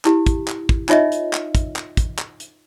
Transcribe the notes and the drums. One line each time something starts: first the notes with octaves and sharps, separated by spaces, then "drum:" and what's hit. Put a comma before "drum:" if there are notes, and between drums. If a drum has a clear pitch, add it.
E4 G4, drum: clap
drum: kick, hi-hat
drum: clap
drum: kick
D#4 F4 C#5 D#5 E5, drum: clap
drum: hi-hat
drum: clap
drum: kick, hi-hat
drum: clap
drum: kick, hi-hat
drum: clap
drum: hi-hat